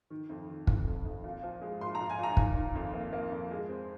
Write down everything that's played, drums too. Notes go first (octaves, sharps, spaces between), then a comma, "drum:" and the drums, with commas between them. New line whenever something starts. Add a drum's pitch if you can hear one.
D#3
F2
D#3
F2, drum: kick
F2
F2
A#2
F3
G#3
A#2 C6
A#5
A#2
G#5
A#2 A#5
D#3, drum: kick
D#3
F2
A#3
A#3
F2
G#3
C4